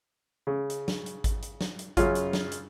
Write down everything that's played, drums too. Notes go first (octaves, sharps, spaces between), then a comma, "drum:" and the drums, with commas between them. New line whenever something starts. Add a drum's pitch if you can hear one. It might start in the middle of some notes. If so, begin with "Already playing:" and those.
C#3
drum: hi-hat
drum: snare
drum: hi-hat
drum: kick G#1, hi-hat
drum: hi-hat
drum: snare
drum: hi-hat
F#2 C#3 C#4 F4, drum: kick G#1, hi-hat
drum: hi-hat
drum: snare
drum: hi-hat